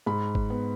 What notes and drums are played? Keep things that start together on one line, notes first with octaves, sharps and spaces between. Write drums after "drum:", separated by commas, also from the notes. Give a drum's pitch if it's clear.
G#2 B5
drum: kick G1
B3